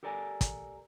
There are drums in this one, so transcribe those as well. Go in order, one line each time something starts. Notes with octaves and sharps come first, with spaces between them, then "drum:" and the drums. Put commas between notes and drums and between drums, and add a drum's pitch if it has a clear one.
G4 A4 A#4 D5 G#5
drum: kick, hi-hat